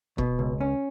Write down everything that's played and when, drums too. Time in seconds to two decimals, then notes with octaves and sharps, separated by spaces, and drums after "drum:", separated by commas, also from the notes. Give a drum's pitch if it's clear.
0.18 B2, drum: kick E1
0.39 C#2
0.61 C#4